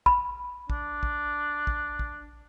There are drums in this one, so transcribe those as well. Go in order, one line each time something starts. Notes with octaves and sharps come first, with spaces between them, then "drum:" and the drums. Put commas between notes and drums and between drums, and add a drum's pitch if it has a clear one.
B5, drum: kick
D4, drum: kick
drum: kick
drum: kick
drum: kick